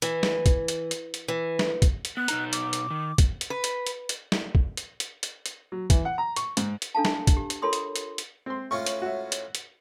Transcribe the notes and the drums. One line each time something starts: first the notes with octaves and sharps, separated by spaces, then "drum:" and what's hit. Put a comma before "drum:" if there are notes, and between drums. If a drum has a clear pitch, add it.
E3, drum: hi-hat
drum: snare
drum: kick, hi-hat
drum: hi-hat
drum: hi-hat
drum: hi-hat
E3
drum: snare
drum: kick, hi-hat
drum: hi-hat
B3 F#6
B2 D#4 A#5, drum: hi-hat
D6, drum: hi-hat
drum: hi-hat
D#3
drum: kick, hi-hat
drum: hi-hat
B4
drum: hi-hat
drum: hi-hat
drum: hi-hat
drum: snare
drum: kick
drum: hi-hat
drum: hi-hat
drum: hi-hat
drum: hi-hat
F#3
E3, drum: kick, hi-hat
F#5
A#5
C#6, drum: hi-hat
G#2, drum: hi-hat
drum: hi-hat
D4 A4 F5 A5
drum: snare
drum: kick, hi-hat
G4
drum: hi-hat
F4 A4 A#4 C#5 C6 D#6
drum: hi-hat
drum: hi-hat
drum: hi-hat
C4 C6
A2 C#4 F4 C#6
drum: hi-hat
F#4 E5
drum: hi-hat
drum: hi-hat